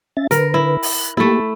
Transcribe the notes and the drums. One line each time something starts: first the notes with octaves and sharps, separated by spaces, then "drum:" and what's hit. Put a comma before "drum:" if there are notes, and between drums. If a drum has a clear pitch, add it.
C#4 E5 A6
D3 A#4 B4, drum: hi-hat
E4
drum: open hi-hat
F#6
A3 A#3 E4 G4